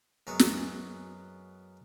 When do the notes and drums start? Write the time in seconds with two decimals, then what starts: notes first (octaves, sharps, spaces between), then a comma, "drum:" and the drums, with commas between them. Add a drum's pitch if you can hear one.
0.27 F#2 F#3 G#3 B3
0.39 drum: snare